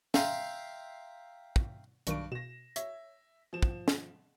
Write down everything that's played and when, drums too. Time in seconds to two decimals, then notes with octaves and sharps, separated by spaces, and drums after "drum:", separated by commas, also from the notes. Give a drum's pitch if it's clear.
0.14 E5 F5 G5 A#5 C6, drum: snare
1.56 drum: kick
2.07 B1 G2 D#3 D4 C#6 D7, drum: hi-hat
2.32 B2 A#6 E7
2.76 C#5 E5, drum: hi-hat
3.53 F3 E7
3.63 drum: kick
3.88 drum: snare